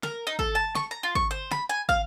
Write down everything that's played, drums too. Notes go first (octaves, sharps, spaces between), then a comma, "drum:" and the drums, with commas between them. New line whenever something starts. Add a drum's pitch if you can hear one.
A#4, drum: snare
D#4
A4, drum: kick
A5
C#6, drum: snare
A#5
F4
C#6, drum: kick
C5
B5, drum: snare
G#5
F5, drum: kick